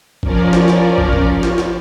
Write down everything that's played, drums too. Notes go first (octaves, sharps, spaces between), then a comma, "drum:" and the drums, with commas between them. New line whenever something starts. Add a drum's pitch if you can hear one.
F3 C#4 A#4 D5, drum: kick
drum: snare
drum: snare
drum: kick
drum: kick
drum: snare
drum: snare